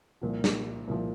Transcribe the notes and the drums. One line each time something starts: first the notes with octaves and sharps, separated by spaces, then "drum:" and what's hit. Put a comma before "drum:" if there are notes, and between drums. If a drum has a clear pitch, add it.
C2 A#2 F3
drum: snare
C2 A#2 F3